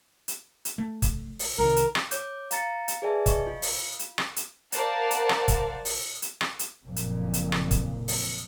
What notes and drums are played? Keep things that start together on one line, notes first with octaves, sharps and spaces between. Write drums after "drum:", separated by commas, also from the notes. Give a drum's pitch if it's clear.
drum: hi-hat
drum: hi-hat
A3
drum: kick, hi-hat
drum: open hi-hat
C2 D#3 A#4
drum: hi-hat
drum: rim click
C#5 D6 G6, drum: hi-hat
F5 A#5 A6 C#7, drum: hi-hat
drum: hi-hat
G#4 B4 D5 E5 G#5 A5
D#5 C#6, drum: kick, hi-hat
F4
drum: open hi-hat
drum: hi-hat
drum: rim click
drum: hi-hat
A#4 C5 D5 F5 F#5 A5, drum: hi-hat
drum: hi-hat
drum: rim click
drum: kick, hi-hat
drum: open hi-hat
drum: hi-hat
drum: rim click
drum: hi-hat
F#1 F2 A#2
drum: hi-hat
drum: hi-hat
drum: rim click
drum: kick, hi-hat
drum: open hi-hat